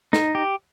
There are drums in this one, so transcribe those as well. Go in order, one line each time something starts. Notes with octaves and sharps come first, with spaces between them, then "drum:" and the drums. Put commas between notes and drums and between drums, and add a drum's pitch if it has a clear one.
D#4, drum: snare
G4